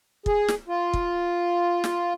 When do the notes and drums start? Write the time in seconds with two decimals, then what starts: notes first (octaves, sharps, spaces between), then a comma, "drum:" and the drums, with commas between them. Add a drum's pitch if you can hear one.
0.26 G#4, drum: kick
0.48 drum: snare
0.68 F4
0.94 drum: kick
1.84 drum: snare